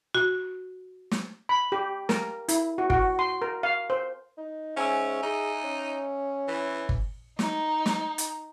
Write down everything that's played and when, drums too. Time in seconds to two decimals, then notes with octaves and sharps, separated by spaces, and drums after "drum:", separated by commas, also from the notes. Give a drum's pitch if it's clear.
0.15 F#4
1.11 drum: snare
1.49 B5
1.72 G4
2.09 A#4, drum: snare
2.49 E4, drum: hi-hat
2.78 F#4
2.90 F#4, drum: kick G1
3.19 C6
3.42 A#4
3.63 F5
3.90 C5
4.37 D#4
4.76 G#2 C#4 E5 G#5 E6
5.23 D#4 G#4
5.64 C#4
6.48 E3
6.89 drum: kick G1
7.39 D#4, drum: snare
7.86 drum: snare
8.18 drum: hi-hat